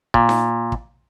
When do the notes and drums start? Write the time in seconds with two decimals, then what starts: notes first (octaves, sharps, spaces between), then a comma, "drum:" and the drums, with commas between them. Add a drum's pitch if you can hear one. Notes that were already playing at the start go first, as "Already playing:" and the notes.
0.14 A#2, drum: kick
0.29 drum: snare D#4
0.72 drum: kick